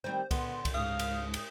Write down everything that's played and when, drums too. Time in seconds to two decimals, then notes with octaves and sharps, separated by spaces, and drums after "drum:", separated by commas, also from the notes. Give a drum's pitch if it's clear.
0.04 D#3 G3 C4 C5
0.31 D3 B3 C6, drum: kick C2, cymbal
0.65 drum: kick C2, cymbal
0.74 C#2 G#2 F5 D#6
0.99 drum: cymbal
1.34 drum: cymbal